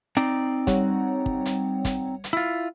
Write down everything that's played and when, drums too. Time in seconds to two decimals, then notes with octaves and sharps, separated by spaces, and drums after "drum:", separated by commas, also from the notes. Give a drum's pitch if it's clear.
0.17 C4 D#4 D5
0.67 G3 C#5 F#5, drum: kick, hi-hat
1.26 drum: kick
1.45 drum: hi-hat
1.85 drum: kick, hi-hat
2.24 drum: hi-hat
2.33 E4 F4